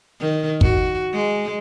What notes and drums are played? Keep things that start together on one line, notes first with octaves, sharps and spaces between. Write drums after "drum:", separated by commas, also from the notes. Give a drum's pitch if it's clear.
D#3
F#4, drum: kick
G#3